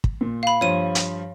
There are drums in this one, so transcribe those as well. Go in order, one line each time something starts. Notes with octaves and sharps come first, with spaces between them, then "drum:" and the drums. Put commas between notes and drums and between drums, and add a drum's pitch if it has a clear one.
drum: kick
A#2
F5 B5
G2 F3 C#5 D#7
drum: hi-hat